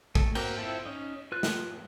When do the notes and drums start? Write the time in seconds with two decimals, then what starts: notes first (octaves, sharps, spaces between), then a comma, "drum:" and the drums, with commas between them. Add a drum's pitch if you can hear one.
0.15 A3, drum: kick
0.35 A#3 C4 F#4 A#4 G5, drum: cymbal
0.57 C4 E4 F4 A4 G5
0.85 C#4 D#4
1.32 F4 B4 F#6
1.43 drum: snare